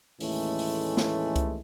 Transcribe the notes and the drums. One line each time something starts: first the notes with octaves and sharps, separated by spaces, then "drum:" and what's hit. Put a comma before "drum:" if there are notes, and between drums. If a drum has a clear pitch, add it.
D#2 A2 E3 G#3 A3 C#4, drum: open hi-hat
drum: open hi-hat
drum: snare
drum: kick C2, hi-hat